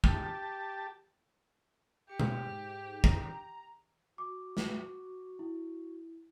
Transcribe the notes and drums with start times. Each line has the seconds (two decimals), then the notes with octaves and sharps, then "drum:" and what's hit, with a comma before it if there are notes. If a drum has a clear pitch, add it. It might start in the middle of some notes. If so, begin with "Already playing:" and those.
0.04 G4 A5, drum: kick
2.09 G4 C#7
2.20 drum: tom B2
2.46 G#2
3.04 A#5, drum: kick
4.18 F#4 D6
4.57 drum: snare
5.39 E4